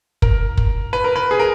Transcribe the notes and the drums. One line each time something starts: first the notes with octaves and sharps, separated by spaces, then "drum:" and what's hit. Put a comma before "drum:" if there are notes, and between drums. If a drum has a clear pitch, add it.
A#4, drum: kick
drum: kick
B4
A#4
B4
G#4
A#4